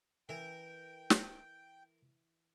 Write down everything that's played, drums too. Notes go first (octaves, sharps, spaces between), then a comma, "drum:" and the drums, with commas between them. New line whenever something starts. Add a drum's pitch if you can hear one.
E3 A#4 G5
drum: snare